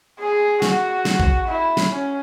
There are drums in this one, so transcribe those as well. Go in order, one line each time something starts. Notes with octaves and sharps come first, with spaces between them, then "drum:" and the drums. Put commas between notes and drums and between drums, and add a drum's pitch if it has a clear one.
G#4
F#4, drum: snare
drum: snare
drum: kick
E4
drum: snare
C#4